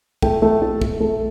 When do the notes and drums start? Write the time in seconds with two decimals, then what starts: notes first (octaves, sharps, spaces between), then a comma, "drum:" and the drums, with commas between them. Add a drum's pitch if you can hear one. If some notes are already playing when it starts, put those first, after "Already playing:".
0.22 A3 G5, drum: kick
0.42 A3
0.62 A3 A4
0.82 A3, drum: kick
1.00 A3